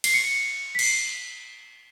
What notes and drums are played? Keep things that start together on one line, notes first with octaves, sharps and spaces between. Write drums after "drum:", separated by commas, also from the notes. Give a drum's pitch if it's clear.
C7, drum: cymbal
C#7
B6
C7, drum: cymbal